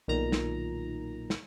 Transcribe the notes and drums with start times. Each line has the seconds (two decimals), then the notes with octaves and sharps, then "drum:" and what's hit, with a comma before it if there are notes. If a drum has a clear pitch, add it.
0.08 B1 A#2 D#3 A#5
0.32 drum: snare
1.30 drum: snare